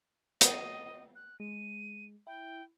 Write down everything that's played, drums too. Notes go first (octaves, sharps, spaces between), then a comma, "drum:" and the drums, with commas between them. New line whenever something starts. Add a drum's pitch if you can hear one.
D#5, drum: hi-hat
F#6
G#3 D#7
E4 G5